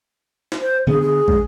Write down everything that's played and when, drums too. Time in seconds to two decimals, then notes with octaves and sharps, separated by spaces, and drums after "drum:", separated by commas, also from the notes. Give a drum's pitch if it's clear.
0.52 drum: snare
0.61 C5
0.87 D3 B3 G#4
1.01 G#4
1.28 G2 G#3, drum: kick